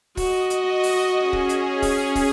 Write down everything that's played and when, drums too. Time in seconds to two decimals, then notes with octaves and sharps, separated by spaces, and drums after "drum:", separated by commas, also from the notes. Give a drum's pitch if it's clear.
0.17 F#4 D#5, drum: kick, open hi-hat
0.50 drum: hi-hat
0.83 drum: open hi-hat
1.12 C#4 G#4
1.33 drum: kick
1.49 drum: hi-hat
1.82 drum: kick, open hi-hat
2.15 drum: kick, open hi-hat